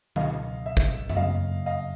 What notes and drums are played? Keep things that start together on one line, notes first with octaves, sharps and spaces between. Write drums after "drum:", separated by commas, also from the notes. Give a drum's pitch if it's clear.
C#2 B2 F#3 D#5 F5, drum: tom D3
E5
drum: kick G#1
E5, drum: tom F#2
F2 C#3 F#3 A#3 D#5 F5
D#5 F5